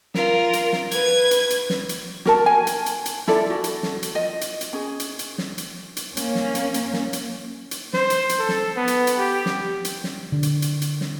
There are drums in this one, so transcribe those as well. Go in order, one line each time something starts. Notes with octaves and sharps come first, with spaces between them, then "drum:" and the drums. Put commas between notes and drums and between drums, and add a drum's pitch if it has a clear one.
F4 A#4, drum: snare
drum: hi-hat
drum: snare
B4 G#6, drum: hi-hat
drum: hi-hat
drum: hi-hat
drum: snare
drum: hi-hat
F#4 A#4 A5, drum: snare
G#5
drum: hi-hat
drum: hi-hat
drum: hi-hat
E4 F4 A4 D5, drum: snare
F#4
drum: hi-hat
drum: snare
drum: hi-hat
F4 D#5
drum: hi-hat
drum: hi-hat
C#4 G#4
drum: hi-hat
drum: hi-hat
drum: snare
drum: hi-hat
drum: hi-hat
A#3 C#4, drum: hi-hat
drum: snare
drum: hi-hat
drum: hi-hat
drum: snare
drum: hi-hat
drum: hi-hat
C5, drum: snare
drum: hi-hat
drum: hi-hat
A4
drum: snare
B3
drum: hi-hat
drum: hi-hat
G4
drum: snare
drum: hi-hat
drum: snare
D3
drum: hi-hat
drum: hi-hat
drum: hi-hat
drum: snare